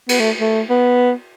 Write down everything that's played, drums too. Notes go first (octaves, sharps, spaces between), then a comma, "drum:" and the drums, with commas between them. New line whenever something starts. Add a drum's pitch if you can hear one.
B3, drum: cymbal
A3
A3
B3